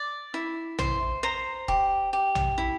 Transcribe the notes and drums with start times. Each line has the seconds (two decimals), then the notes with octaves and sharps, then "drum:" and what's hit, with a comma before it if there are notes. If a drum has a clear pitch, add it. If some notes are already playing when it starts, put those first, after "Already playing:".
Already playing: D5
0.34 E4
0.79 C5 C6, drum: tom A#1
1.23 C5 A#5
1.68 G4, drum: kick E1
2.13 G4
2.35 drum: tom A#1
2.58 E4